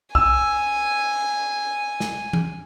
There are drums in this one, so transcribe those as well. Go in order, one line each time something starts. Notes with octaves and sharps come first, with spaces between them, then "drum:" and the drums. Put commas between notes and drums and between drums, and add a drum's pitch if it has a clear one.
G#5 E6, drum: kick B1
drum: snare
drum: tom E3